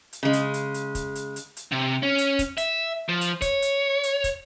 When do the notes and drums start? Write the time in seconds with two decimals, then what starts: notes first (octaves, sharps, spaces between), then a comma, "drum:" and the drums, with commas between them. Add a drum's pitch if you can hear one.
0.13 drum: hi-hat
0.23 C#3 G#3
0.33 drum: hi-hat
0.54 drum: hi-hat
0.74 drum: hi-hat
0.95 drum: kick, hi-hat
1.15 drum: hi-hat
1.36 drum: hi-hat
1.57 drum: hi-hat
1.72 C3
2.03 C#4
2.18 drum: hi-hat
2.39 drum: kick, hi-hat
2.58 E5, drum: hi-hat
3.09 F3
3.21 drum: hi-hat
3.42 C#5, drum: kick, hi-hat
3.62 drum: hi-hat
4.03 drum: hi-hat
4.24 drum: kick, hi-hat